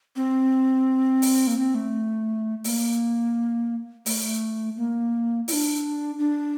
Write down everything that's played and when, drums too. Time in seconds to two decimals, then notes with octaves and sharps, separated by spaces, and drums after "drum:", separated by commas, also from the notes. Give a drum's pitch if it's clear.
0.16 C4
1.22 drum: open hi-hat
1.47 A#3
1.57 C4
1.75 A3
2.64 A#3, drum: open hi-hat
4.06 A3, drum: open hi-hat
4.77 A#3
5.48 E4, drum: open hi-hat
5.53 D4
6.19 D4